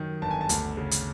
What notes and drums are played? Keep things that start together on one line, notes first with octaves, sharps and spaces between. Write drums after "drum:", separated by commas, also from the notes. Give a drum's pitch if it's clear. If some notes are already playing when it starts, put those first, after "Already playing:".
Already playing: F#2 D#3
G1 A5
G#5
A5
D2, drum: hi-hat
C#3
drum: hi-hat